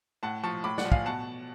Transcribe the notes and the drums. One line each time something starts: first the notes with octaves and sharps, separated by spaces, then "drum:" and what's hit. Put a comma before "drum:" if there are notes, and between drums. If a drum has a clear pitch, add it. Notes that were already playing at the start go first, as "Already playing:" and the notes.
A2 F#5 A5
F3 A5 C#6
A2 B5 D6
D5 F#5, drum: snare
F3
F5 G#5, drum: kick
B2 F#5 A5